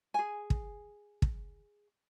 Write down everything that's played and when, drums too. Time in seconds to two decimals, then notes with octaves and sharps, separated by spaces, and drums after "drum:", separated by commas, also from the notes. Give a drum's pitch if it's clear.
0.14 G#4 G#5
0.50 drum: kick
1.22 drum: kick